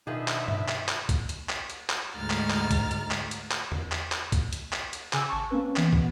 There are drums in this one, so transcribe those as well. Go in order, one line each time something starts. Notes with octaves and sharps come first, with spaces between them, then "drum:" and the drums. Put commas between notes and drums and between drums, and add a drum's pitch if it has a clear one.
B2 D#3 F3 B3 D4 F4 G#4 E5
drum: clap
drum: tom G2
drum: clap
drum: clap
drum: kick, hi-hat
drum: hi-hat
drum: clap
drum: hi-hat
drum: clap
D2 G#2 G#3 A#5 F6 A6
drum: clap
drum: clap
drum: kick, hi-hat
drum: hi-hat
drum: clap
drum: hi-hat
drum: clap
drum: tom E2
drum: clap
drum: clap
drum: kick, hi-hat
drum: hi-hat
drum: clap
drum: hi-hat
C#3 G#5 D6 E6, drum: clap
G#1 A5 C#6
A#3 C4 C#4 B4
E3 B3, drum: clap
B2 B3, drum: kick